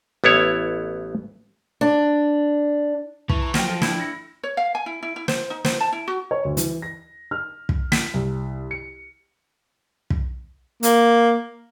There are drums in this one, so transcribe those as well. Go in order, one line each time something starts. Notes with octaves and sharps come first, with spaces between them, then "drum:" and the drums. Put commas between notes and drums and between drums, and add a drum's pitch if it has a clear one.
A1 B3 E4 C#5
D4
E3 B4 A5 C#6, drum: kick
A#5 C#6
F3 F#3 G5 F6 A#6, drum: snare
F4 A4
D4 E4 G6, drum: snare
E6 A#6 C#7
C#5
F5
G#5
E4
E4
E4
C5, drum: snare
D#4
C5, drum: snare
A5
E4
F#4
C#5
D2
E3, drum: hi-hat
A#6
F6
drum: kick
B6, drum: snare
C2
C#7
drum: kick
A#3, drum: hi-hat